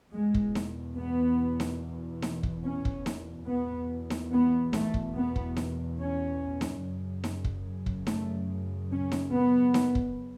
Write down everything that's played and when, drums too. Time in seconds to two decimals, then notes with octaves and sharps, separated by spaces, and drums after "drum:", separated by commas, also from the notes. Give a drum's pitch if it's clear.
0.13 E2 B2 G#3
0.34 drum: kick
0.55 drum: snare D#4
0.97 B3
1.60 drum: snare D#4
2.22 drum: snare D#4
2.43 drum: kick
2.64 C#4
2.85 drum: kick
3.06 drum: snare D#4
3.47 E2 B2 B3
4.10 drum: snare D#4
4.32 B3
4.73 A3, drum: snare D#4
4.94 drum: kick
5.15 B3
5.36 drum: kick
5.57 drum: snare D#4
5.98 C#4
6.61 drum: snare D#4
6.82 F#2 C#3
7.24 drum: snare D#4
7.44 drum: kick
7.86 drum: kick
8.07 A3, drum: snare D#4
8.91 C#4
9.12 drum: snare D#4
9.32 B3
9.74 drum: snare D#4
9.95 drum: kick